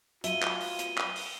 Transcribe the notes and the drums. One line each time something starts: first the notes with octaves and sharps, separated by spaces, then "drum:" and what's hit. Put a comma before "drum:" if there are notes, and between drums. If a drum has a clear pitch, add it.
F#3 F4 E5 D#7 G7, drum: hi-hat
drum: clap
drum: open hi-hat
drum: hi-hat
drum: clap
drum: open hi-hat